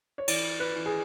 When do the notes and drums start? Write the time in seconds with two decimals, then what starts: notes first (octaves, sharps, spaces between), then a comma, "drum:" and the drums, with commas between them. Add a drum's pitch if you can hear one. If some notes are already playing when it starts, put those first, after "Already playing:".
0.18 C#5
0.28 E3 D5, drum: cymbal
0.60 B4
0.75 E3
0.86 G#4